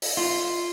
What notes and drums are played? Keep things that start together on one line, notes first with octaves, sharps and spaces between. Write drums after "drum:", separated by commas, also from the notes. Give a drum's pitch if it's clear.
drum: open hi-hat
F4